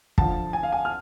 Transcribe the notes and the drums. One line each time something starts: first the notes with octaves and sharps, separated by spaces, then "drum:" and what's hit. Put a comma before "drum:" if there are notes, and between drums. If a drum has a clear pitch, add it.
D2 D3 F3 A5, drum: kick
G#5
F5
G#5
F6